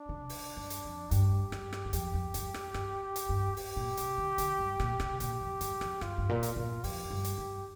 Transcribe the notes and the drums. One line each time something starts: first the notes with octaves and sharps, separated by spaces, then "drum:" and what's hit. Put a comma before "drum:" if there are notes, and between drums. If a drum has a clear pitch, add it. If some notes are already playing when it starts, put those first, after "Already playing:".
Already playing: D4
C3
drum: open hi-hat
G2
drum: hi-hat
F2
G2 G4, drum: hi-hat
G2, drum: rim click
drum: rim click
G2
F2 G4, drum: hi-hat
F2
G2, drum: hi-hat
drum: rim click
G2, drum: rim click
drum: hi-hat
G2
G4, drum: open hi-hat
A#2
C3, drum: hi-hat
D3
D3, drum: hi-hat
G2
A#2, drum: rim click
C3, drum: rim click
A#2 G4, drum: hi-hat
F2
G2, drum: hi-hat
F2, drum: rim click
G2 F4, drum: rim click
G2
A#2
drum: hi-hat
A#2
F2 G4, drum: open hi-hat
G2
drum: hi-hat
G2